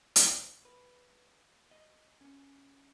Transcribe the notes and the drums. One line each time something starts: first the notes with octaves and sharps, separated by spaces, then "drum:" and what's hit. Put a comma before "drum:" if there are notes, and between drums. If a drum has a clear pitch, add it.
C5, drum: hi-hat
B4
D#5
C#4